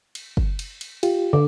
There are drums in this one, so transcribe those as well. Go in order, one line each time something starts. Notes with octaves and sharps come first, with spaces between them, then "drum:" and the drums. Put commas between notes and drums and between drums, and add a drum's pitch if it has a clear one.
drum: cymbal
drum: kick
drum: cymbal
drum: cymbal
F4 G4, drum: cymbal
D3 D6